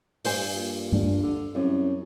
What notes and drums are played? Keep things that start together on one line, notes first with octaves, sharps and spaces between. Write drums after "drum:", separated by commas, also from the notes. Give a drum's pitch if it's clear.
G2 C5 G#5, drum: open hi-hat
A#2
D4, drum: tom G2
D3
C2 F#2 C#4